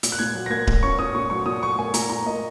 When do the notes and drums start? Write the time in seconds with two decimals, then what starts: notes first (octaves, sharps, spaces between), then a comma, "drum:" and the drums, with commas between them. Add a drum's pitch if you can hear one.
0.03 A#2, drum: hi-hat
0.12 F#6
0.19 A#2 G#6
0.35 F#3
0.46 A#6
0.50 A#3 G#6
0.67 A#2, drum: kick D1
0.83 C#4 C#6
0.99 C#4 D#6
1.15 A#2 C#6
1.30 F#3 C#6
1.46 A#2 D#6
1.62 F#3 C#6
1.78 A#3 G#5
1.94 A#2 A#5, drum: hi-hat
2.10 A#2 A#5
2.27 A#3 D#5